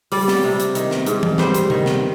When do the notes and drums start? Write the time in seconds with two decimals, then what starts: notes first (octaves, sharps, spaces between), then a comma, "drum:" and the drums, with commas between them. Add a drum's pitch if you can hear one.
0.12 G3 D5, drum: open hi-hat
0.28 drum: snare
0.44 C3
0.60 drum: hi-hat
0.75 D#3, drum: hi-hat
0.91 drum: snare
1.06 G#2, drum: hi-hat
1.23 drum: tom E3
1.38 G3 C5, drum: snare
1.54 drum: hi-hat
1.70 D#3, drum: tom C3
1.86 drum: snare